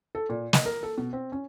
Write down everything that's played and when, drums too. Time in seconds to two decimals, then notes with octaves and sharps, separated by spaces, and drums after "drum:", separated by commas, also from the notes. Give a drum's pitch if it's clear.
0.15 A4
0.29 A#2
0.53 D#5, drum: snare
0.66 A#4
0.83 A4
0.98 B2
1.13 C4
1.32 C#4